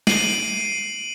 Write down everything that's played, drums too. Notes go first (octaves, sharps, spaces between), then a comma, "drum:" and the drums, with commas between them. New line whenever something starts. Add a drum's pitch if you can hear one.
C7 D7 D#7 F#7, drum: snare